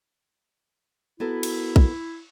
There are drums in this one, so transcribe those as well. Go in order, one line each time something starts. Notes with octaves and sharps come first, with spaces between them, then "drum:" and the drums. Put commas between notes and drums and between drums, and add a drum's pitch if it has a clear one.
B3 E4 F#4 A4 A#4
drum: cymbal
drum: kick